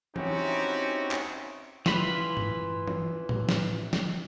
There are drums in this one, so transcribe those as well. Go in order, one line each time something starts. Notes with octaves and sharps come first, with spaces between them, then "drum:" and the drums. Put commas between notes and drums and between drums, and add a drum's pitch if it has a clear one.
C4 C#4 D#4 E4 F#4 G4, drum: tom E3
drum: clap
E3 F4 B5, drum: snare
drum: tom G2
drum: tom E3
drum: tom A2
drum: snare
drum: snare